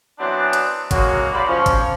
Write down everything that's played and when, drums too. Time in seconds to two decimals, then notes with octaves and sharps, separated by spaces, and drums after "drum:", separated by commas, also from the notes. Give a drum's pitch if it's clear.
0.19 E3 F#3 B3 C4 D4
0.53 drum: hi-hat
0.91 C#3 F#3 G#3 A#3 F#4, drum: kick G#1, hi-hat
1.32 C#3 F#3 G4 D5 B5 C6
1.47 F3 C#4
1.66 drum: kick G#1, hi-hat